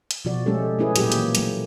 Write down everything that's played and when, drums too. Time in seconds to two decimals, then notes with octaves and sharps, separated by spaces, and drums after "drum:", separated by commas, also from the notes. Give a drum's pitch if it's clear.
0.11 drum: hi-hat
0.25 B2 F3 F#4 D5
0.46 G#3 A3 C#4 G4 A4
0.79 A3 C#4 E4 G#4 B4
0.96 A#2 F#3 G4 G#4, drum: hi-hat
1.12 E3 A#3, drum: hi-hat
1.35 F#3 A3, drum: hi-hat